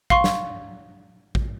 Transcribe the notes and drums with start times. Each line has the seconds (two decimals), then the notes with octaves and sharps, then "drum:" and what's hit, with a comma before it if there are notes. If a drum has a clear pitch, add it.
0.10 F5 C6 C#6, drum: kick
0.24 drum: snare
1.35 drum: kick